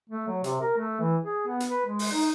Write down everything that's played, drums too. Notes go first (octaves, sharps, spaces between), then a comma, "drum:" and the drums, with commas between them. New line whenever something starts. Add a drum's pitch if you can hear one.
A3
F#3
C3, drum: hi-hat
A#4
A3
E3
G#4
B3
drum: hi-hat
B4
G#3
drum: open hi-hat
D#4